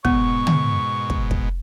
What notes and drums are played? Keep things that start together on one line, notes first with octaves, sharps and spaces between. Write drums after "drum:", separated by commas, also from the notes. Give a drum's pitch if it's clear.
G#2 B2 B3 C#6, drum: kick
drum: tom
drum: kick
drum: kick